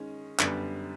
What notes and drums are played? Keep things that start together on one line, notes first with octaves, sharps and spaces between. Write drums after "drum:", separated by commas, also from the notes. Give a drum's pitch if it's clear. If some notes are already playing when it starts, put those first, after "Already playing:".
Already playing: D#3 G#3 C#4
F#2 D3 G3 B3, drum: clap